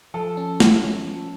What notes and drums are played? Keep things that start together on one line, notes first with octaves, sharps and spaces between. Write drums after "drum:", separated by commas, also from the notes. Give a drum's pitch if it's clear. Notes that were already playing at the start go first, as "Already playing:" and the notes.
F3 A4
C#4
C#4, drum: snare
C#4
F3